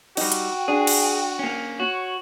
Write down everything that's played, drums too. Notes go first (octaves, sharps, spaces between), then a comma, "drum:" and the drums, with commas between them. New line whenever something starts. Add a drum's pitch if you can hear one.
G3 D#4 F#4 G5, drum: cymbal
drum: hi-hat
D4 G#4
drum: cymbal
A#3 C#4
F#4 C#5